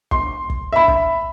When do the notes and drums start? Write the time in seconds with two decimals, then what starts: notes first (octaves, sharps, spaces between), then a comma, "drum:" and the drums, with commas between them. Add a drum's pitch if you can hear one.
0.11 C6, drum: kick
0.50 drum: kick
0.72 E5 B5
0.88 drum: kick